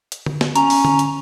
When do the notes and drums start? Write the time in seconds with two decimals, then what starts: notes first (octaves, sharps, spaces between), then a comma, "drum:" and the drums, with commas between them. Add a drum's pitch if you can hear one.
0.12 drum: hi-hat
0.26 drum: tom D3
0.41 drum: snare
0.56 C#4 A#5, drum: hi-hat
0.70 drum: open hi-hat
0.85 drum: tom D3
0.99 drum: hi-hat